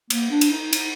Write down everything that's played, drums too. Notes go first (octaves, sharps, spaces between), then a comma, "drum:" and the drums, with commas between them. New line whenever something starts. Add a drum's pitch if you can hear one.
A#3, drum: cymbal
D4
drum: cymbal
D#4
D#4, drum: cymbal